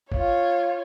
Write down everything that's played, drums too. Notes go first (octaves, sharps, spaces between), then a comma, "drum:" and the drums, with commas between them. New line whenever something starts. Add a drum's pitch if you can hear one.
F4 C#5, drum: kick F#1